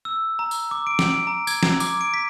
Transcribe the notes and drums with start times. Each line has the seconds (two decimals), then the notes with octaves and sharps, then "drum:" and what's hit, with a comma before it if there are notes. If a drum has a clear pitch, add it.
0.05 E6
0.39 A#5
0.51 drum: tambourine
0.71 D6
0.87 D7
0.99 drum: snare
1.10 D7
1.27 A#5
1.47 G#6, drum: tambourine
1.63 A#5, drum: snare
1.80 D6, drum: tambourine
2.01 D7
2.14 B6